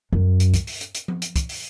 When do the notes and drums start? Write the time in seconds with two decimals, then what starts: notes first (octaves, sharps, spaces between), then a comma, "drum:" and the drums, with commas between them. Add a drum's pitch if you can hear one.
0.13 F#2
0.40 drum: hi-hat
0.54 drum: kick, hi-hat
0.67 drum: open hi-hat
0.81 drum: hi-hat
0.95 drum: hi-hat
1.08 drum: tom F3
1.22 drum: hi-hat
1.36 drum: kick, hi-hat
1.49 drum: open hi-hat